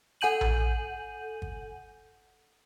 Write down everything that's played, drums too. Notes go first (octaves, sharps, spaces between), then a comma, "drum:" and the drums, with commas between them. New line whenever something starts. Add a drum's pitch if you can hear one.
A4 F#5 G#5 G6 D#7 F#7
drum: tom A#1
drum: kick G1